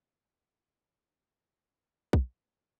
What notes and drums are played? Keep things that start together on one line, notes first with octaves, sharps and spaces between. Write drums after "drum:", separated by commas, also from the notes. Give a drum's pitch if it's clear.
F#4
G#4
A#5
A#5
A#5, drum: kick